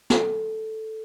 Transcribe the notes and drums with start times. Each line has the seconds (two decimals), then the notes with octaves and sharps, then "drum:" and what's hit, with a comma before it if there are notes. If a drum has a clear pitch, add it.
0.10 A4, drum: snare